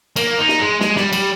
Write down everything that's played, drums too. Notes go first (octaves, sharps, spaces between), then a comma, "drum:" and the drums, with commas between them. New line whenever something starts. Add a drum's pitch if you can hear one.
A#3, drum: cymbal
D#4
drum: snare
G#3
G#3, drum: snare
G3, drum: snare
G3, drum: cymbal